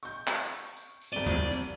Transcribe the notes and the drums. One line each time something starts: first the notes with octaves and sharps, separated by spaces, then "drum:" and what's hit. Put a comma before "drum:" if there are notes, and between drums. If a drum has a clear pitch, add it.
C#6 G6, drum: tambourine
drum: clap
drum: tambourine
drum: tambourine
drum: tambourine
G#1 C3 D5 D#7 G7
drum: tom
drum: tambourine